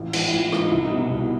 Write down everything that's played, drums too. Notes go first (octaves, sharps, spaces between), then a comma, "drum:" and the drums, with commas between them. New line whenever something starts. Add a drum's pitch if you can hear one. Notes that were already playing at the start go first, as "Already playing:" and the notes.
Already playing: A1 F4
G#2 E3, drum: cymbal
E4
A1 F4
G#2 E3 F4, drum: rim click
D#4
C2 E4
D#4
B2
D#4
C2